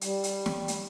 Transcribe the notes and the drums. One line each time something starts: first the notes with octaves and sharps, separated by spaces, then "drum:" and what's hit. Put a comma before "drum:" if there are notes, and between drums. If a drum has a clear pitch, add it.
G3, drum: hi-hat
drum: hi-hat
drum: snare
drum: hi-hat